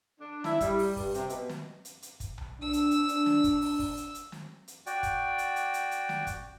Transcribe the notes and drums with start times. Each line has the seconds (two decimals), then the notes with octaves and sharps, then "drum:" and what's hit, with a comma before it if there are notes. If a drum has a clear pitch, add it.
0.20 D4
0.44 E4, drum: snare
0.60 G3, drum: kick, hi-hat
0.79 drum: open hi-hat
0.96 G2, drum: kick, open hi-hat
1.14 C3, drum: hi-hat
1.29 B2, drum: hi-hat
1.49 drum: snare
1.85 drum: hi-hat
2.02 drum: hi-hat
2.20 drum: kick, hi-hat
2.38 drum: tom B1
2.61 D4 E6
2.73 drum: hi-hat
2.91 drum: hi-hat
3.08 drum: hi-hat
3.26 drum: snare
3.44 drum: kick, hi-hat
3.62 drum: open hi-hat
3.79 drum: kick, open hi-hat
3.97 drum: hi-hat
4.15 drum: hi-hat
4.32 drum: snare
4.68 drum: hi-hat
4.86 F#4 D5 G5, drum: hi-hat
5.03 drum: kick, hi-hat
5.38 drum: hi-hat
5.56 drum: hi-hat
5.74 drum: hi-hat
5.91 drum: hi-hat
6.09 drum: snare
6.27 drum: kick, hi-hat